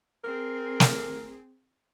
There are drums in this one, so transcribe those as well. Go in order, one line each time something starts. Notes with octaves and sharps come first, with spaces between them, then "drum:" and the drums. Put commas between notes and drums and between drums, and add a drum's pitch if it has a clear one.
C4 G#4 A#4
drum: snare